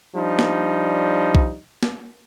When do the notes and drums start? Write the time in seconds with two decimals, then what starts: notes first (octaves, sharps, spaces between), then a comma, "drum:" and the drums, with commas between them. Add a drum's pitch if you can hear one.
0.15 F3 G3 D4 D#4
0.39 drum: snare
1.35 drum: kick B1
1.83 drum: snare